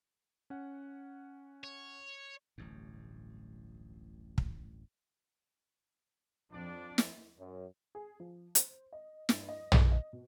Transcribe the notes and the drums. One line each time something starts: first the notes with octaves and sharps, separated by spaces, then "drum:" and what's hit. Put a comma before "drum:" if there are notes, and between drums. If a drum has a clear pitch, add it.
C#4 F#5
C#5
D1 A1 G2
drum: kick
F2 F3 D4 D5
drum: snare
F#2
G#4
F3
C5, drum: hi-hat
D#5
G2, drum: snare
D#5
drum: tom
D#5
B2